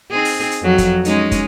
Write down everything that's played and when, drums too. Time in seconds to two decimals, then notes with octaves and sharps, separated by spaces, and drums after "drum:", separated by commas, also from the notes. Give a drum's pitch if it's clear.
0.11 C4 D#4 G#4
0.25 drum: open hi-hat
0.51 drum: hi-hat
0.61 F2 F#3
0.78 drum: kick, hi-hat
1.05 G#3 C#4 D#4, drum: hi-hat
1.31 drum: kick, hi-hat